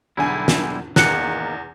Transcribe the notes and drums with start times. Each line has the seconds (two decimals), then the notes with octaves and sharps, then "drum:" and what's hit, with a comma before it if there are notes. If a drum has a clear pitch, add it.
0.17 B1 E2 D3 G3 E4 G#5
0.48 drum: snare
0.96 E2 D#3 A#3 F#6 C#7, drum: snare